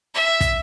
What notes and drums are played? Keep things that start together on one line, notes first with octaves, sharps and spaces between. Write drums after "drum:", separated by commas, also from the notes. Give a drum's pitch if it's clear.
E5
drum: kick, hi-hat